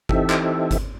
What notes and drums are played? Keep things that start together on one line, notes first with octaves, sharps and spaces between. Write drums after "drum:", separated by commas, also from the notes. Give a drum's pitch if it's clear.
E3 C4 D#4 G4 A4 E5, drum: kick G1
drum: clap
drum: kick G1, hi-hat